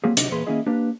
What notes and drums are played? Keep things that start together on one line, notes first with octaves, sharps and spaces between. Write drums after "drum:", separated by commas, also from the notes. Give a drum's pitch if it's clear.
F#3 A#3 C4 G4 G#4
D2 C3 F#3 D4 D#4 D#5, drum: hi-hat
E2 A#2 E3 G#4 B4 C6
D#3 A#3 C#4 E4 G#4 D#5
A#3 D4 G4 B4